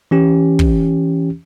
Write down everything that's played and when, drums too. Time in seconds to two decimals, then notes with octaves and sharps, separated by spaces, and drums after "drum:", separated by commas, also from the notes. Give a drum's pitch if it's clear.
0.11 E3 C#4 G4
0.59 drum: kick